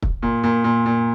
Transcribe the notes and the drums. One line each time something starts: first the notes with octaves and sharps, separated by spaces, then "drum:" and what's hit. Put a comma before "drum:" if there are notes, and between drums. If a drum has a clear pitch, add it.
drum: kick
A#2
A#2
A#2
A#2